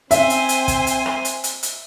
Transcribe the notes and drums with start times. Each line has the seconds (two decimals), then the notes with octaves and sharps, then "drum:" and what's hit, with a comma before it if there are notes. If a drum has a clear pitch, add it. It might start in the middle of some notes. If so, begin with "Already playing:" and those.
0.11 C4 C5 E5 G#5, drum: hi-hat
0.30 drum: hi-hat
0.49 drum: hi-hat
0.68 drum: kick, hi-hat
0.87 drum: hi-hat
1.06 drum: rim click
1.25 drum: hi-hat
1.44 drum: hi-hat
1.63 drum: hi-hat